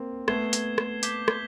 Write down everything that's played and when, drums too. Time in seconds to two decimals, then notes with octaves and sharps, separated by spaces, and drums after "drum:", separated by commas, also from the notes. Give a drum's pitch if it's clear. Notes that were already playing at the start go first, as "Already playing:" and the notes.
Already playing: A#3 C4
0.28 A3 B3 G#6 C7 E7 G7, drum: rim click
0.53 drum: hi-hat
0.78 drum: rim click
1.03 D6 G6 B6 E7 G7, drum: hi-hat
1.28 drum: rim click